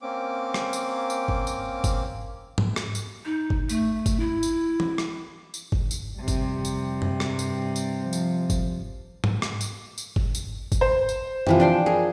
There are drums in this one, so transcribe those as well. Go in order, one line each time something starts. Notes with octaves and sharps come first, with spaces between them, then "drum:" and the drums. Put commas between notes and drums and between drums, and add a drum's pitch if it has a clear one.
A#3 C4 C#4 D6
drum: rim click
drum: tambourine
drum: tambourine
drum: kick F#1
drum: tambourine
drum: kick F#1, tambourine
drum: tom G#2
drum: rim click
drum: tambourine
D#4
drum: kick F#1
A3, drum: tambourine
drum: kick F#1, tambourine
E4
drum: tambourine
drum: tom
drum: rim click
drum: tambourine
drum: kick F#1
drum: tambourine
F2 C3 G3
drum: kick F#1, tambourine
drum: tambourine
drum: tom
G2, drum: rim click
drum: tambourine
drum: tambourine
F3
drum: tambourine
drum: kick F#1, tambourine
drum: tom G#2
drum: rim click
drum: tambourine
drum: tambourine
drum: kick F#1
drum: tambourine
drum: kick F#1, tambourine
C5
drum: tambourine
C3 E3 F3, drum: tom
D4 G5 C6
G#4 A#4